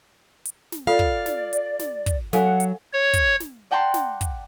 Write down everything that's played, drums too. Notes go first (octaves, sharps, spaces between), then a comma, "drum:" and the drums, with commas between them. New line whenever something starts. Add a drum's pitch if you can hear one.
drum: hi-hat
drum: snare
F4 A4 D5 F5
drum: kick
drum: snare
drum: hi-hat
drum: snare
drum: kick, hi-hat
F#3 A4 F5 F#5 G#5, drum: snare
drum: hi-hat
C#5
drum: kick, hi-hat
drum: snare
D5 F#5 G5 A5 A#5 C6
drum: snare
drum: kick, hi-hat